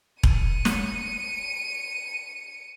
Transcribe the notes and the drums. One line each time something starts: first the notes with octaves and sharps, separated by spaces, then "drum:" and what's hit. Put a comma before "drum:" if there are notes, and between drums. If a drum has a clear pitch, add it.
C#7 D#7, drum: kick E1
drum: snare